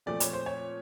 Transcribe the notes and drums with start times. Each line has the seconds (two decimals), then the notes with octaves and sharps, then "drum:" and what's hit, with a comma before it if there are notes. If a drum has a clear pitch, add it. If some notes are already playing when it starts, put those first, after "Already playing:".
0.06 A#2 F3 A3 C4 D5
0.20 C#5, drum: hi-hat
0.33 C5
0.46 C#5